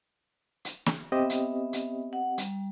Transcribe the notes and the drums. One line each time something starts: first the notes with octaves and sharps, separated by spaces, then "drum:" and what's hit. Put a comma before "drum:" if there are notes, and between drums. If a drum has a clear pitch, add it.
drum: hi-hat
drum: snare
B3 C4 G4 D#5 E5
drum: hi-hat
drum: hi-hat
F#5
G3, drum: hi-hat